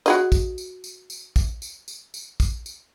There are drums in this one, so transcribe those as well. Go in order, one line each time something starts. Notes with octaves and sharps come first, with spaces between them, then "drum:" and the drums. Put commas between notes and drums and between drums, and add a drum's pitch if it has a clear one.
F#4 G#4 D#5, drum: tambourine
drum: kick, tambourine
drum: tambourine
drum: tambourine
drum: tambourine
drum: kick, tambourine
drum: tambourine
drum: tambourine
drum: tambourine
drum: kick, tambourine
drum: tambourine